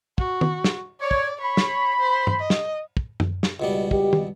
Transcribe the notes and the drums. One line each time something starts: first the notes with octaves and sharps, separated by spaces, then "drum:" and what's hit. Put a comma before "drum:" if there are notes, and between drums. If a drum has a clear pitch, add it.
F#4, drum: kick
drum: tom D#3
drum: snare
C#5 D5
drum: kick
C#5 B5
drum: snare
C5
drum: tom
D#5
drum: snare
drum: kick
drum: tom F#2
drum: snare
C#2 B2 G3
G4, drum: kick
drum: tom